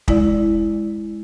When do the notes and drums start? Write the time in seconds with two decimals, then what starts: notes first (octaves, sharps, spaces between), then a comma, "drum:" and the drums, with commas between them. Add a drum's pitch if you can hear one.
0.08 G#3 E4 D5, drum: kick